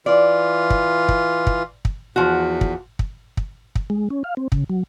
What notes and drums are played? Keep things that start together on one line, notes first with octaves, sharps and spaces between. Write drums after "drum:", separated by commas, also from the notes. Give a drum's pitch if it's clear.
E3 F4 D5
drum: kick
drum: kick
drum: kick
drum: kick
E2 F3 F#4
drum: kick
drum: kick
drum: kick
drum: kick
G#3
C#4
F5
C4
C#3, drum: kick
F#3